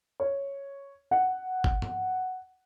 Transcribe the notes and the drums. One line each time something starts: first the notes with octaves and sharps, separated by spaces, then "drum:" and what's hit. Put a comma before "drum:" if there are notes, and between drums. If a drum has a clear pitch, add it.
C#5
F#5
drum: kick G#1
drum: tom G2